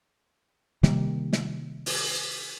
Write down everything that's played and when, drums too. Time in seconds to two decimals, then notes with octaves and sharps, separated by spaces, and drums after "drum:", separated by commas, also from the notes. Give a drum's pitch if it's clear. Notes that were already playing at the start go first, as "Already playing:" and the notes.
0.83 C3 D#3 G3 A#3, drum: snare
1.33 drum: snare
1.86 drum: open hi-hat